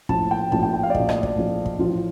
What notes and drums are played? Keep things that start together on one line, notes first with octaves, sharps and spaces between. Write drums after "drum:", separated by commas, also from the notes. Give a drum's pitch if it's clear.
A#1 A2 F3 A5, drum: kick
G5
A#1 A2 F3 A5, drum: kick
G5
G5
F5
D5
A#1 A2 F3 D#5, drum: kick
D#5, drum: rim click
D5, drum: kick
A#1 A2 F3
drum: kick
A1 A2 F3 F4